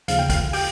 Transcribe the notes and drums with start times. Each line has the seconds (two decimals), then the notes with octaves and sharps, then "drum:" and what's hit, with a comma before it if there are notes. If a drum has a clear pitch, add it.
0.08 D#2 C#3 F3 F5, drum: hi-hat
0.19 G5
0.30 F5, drum: kick, hi-hat
0.53 G4 G5, drum: open hi-hat